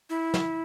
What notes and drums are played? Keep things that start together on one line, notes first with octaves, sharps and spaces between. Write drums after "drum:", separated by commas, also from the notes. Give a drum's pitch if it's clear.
E4
drum: snare